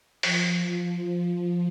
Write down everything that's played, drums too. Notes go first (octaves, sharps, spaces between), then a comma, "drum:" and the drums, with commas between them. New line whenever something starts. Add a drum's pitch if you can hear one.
F3, drum: open hi-hat